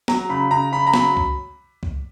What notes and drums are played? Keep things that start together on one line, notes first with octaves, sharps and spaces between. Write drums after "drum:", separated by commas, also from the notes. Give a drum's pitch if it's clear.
F#3 A#5, drum: snare
C#3 B5
C#3 A#5
C#3 B5
A#5
F#3 B5, drum: snare
drum: kick C2
drum: kick C2